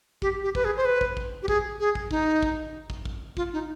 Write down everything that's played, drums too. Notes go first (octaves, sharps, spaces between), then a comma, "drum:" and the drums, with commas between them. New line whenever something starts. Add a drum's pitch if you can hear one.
G4, drum: kick
G4
B4, drum: kick
G#4
C5
B4
drum: kick
drum: kick
G4
G#4, drum: kick
G#4
drum: kick
D#4, drum: kick
drum: kick
drum: kick
drum: kick
F4, drum: kick
D#4